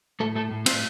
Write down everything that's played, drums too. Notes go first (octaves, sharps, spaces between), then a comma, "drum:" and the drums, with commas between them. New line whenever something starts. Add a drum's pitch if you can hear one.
A2 A3 A4
A3 A4
A2
C4 C5, drum: cymbal